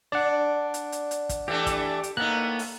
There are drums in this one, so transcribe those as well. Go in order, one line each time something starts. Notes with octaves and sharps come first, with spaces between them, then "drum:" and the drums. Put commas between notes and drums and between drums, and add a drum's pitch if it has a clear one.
D4 D5 F#5
drum: hi-hat
drum: hi-hat
drum: hi-hat
drum: kick, hi-hat
E3 A3 D4 G4
drum: kick, hi-hat
drum: hi-hat
A2 A#3 B3 D#4 F#6
drum: open hi-hat